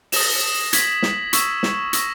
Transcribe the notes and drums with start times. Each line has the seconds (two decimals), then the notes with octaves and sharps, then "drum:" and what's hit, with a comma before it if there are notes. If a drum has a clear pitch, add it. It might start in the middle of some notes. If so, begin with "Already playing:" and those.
0.12 D#6 A#6 E7, drum: open hi-hat
0.73 G#6 B6 F#7, drum: hi-hat
1.02 drum: snare
1.33 C#6 E6 B6 E7, drum: hi-hat
1.63 drum: snare
1.93 C#6 E6 A#6, drum: hi-hat